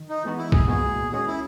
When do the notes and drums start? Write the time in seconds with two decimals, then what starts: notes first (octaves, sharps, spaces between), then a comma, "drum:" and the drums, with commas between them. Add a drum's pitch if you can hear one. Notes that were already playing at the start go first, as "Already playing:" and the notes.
Already playing: D#3
0.09 D#4
0.24 E3 G#3 B3 F#4
0.38 E4
0.52 G#4, drum: kick B1
0.67 A#2 G#3 B3 F#4 G#4
1.12 D#3 G#3 C#4 F#4 G#4
1.27 E4